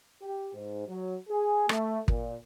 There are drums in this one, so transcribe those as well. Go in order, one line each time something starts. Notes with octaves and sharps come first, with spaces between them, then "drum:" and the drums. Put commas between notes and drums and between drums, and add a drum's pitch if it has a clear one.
G4
G#2
F#3
G#4
A3, drum: rim click
A#2, drum: kick